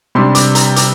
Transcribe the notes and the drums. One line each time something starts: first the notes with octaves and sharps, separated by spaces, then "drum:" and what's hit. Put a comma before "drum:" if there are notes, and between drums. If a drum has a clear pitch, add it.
C3 G3 D4 C6
D6, drum: hi-hat
A#5, drum: hi-hat
D6, drum: hi-hat